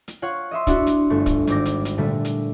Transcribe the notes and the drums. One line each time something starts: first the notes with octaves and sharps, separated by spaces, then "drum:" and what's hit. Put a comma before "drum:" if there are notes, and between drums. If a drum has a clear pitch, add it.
drum: hi-hat
F4 C#5 F#5
D#5 E5 C6
D4 E4 F#4 F#5, drum: kick, hi-hat
drum: hi-hat
G1 A3
drum: kick, hi-hat
G#1 D6 A#6, drum: hi-hat
drum: hi-hat
drum: hi-hat
A#2 D3 G3 A3
drum: hi-hat